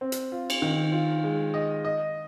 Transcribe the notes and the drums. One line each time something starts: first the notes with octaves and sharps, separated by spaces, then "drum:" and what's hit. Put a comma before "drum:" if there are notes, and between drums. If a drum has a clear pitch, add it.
C4
drum: hi-hat
F4
drum: cymbal
D#3
F4
G#3
D#5
D#5